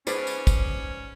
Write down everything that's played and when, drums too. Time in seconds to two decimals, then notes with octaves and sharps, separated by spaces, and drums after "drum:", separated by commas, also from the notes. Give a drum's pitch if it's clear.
0.07 G#2 C#4 G#4 B4 C5 D5, drum: tambourine
0.27 drum: tambourine
0.47 drum: kick, tambourine